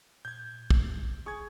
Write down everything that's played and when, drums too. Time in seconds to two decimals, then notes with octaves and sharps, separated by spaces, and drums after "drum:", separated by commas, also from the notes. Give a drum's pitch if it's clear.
0.25 A#2 G6 G#6
0.70 drum: kick
1.05 G#1
1.26 G#4 C#6 G#6